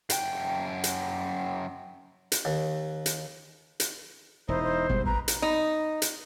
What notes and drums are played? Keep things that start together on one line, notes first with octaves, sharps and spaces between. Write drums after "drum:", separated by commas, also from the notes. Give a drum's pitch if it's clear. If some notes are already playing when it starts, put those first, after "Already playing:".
F#2 G5, drum: hi-hat
drum: hi-hat
drum: hi-hat
D#2
drum: hi-hat
drum: hi-hat
E1 D#4 E4 C5 D#5
C5
G1 B2 G3 G#3
A1 B4 A#5
drum: hi-hat
D#4
drum: hi-hat